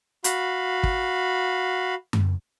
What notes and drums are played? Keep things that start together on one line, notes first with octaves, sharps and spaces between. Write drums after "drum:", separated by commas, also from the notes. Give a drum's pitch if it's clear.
F#4 F5 B5, drum: hi-hat
drum: kick
drum: tom F#2